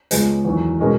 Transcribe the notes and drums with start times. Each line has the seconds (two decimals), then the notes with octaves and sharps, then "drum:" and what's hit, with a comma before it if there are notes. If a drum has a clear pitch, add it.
0.11 C#2 C#3 G#3 B3, drum: hi-hat
0.45 E2 D#3 F#3
0.79 B2 G#3 C#4 F#4 A#4